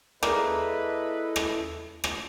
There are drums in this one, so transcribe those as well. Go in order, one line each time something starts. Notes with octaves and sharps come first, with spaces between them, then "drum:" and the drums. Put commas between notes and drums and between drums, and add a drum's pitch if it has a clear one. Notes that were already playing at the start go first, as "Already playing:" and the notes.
A#3 E4 G#4 A4 B4 D5 D#5, drum: rim click
drum: rim click
drum: rim click